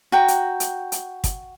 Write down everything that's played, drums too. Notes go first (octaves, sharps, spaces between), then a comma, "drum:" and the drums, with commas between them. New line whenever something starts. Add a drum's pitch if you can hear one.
F#4 G5 A#5
drum: hi-hat
drum: hi-hat
drum: hi-hat
drum: kick, hi-hat